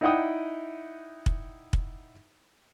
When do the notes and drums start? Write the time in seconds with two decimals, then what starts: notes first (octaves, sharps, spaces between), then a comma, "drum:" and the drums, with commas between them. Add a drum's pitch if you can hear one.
0.01 D#4 E4 D5 F#5 G5 D#6
1.26 drum: kick
1.73 drum: kick